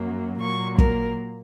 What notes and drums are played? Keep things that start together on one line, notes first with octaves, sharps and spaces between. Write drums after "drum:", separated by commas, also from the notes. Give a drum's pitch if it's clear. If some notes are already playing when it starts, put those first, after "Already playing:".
Already playing: F#2 F#3 A#3
A#2 F#3 A#3 C#6
A#4, drum: kick